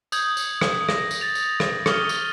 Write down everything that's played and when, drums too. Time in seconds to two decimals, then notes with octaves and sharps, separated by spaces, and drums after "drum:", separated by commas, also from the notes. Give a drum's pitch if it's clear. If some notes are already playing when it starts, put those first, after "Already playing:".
0.12 D#6 G6 G#6 F#7, drum: tambourine
0.37 drum: tambourine
0.61 drum: rim click
0.89 A#6, drum: rim click
1.11 drum: tambourine
1.21 A6 F7
1.35 drum: tambourine
1.60 drum: rim click
1.86 C#6 D#6 F6 G7, drum: rim click
2.09 drum: tambourine